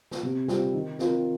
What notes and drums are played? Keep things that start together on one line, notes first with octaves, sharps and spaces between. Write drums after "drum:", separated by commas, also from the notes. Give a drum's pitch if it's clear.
drum: snare
C3
G3 C4 F4 C5, drum: snare
D#3
C4 F4 A#4, drum: snare